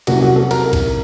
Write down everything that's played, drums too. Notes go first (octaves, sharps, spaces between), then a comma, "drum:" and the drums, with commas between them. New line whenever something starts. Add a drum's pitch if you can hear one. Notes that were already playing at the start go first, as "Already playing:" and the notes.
C2 C3 F#3 A#3 C#4 F#4, drum: cymbal
F#4
A4
A#4, drum: cymbal
drum: kick B1, cymbal